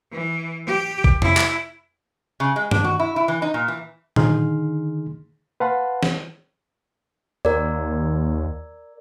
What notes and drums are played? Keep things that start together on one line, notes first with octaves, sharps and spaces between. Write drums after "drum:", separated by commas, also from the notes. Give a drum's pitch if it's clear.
E3
G4
drum: kick G#1
E4, drum: tom
drum: clap
C#3
G#3
D4, drum: tom
F#4
E4
E4
E3
D#4
A#2
E3
D3 D#3 D#4 G#4 C6 F6, drum: tom A#2
B4 F5 F#5 A5 C6
drum: snare
D#2 A#4 D5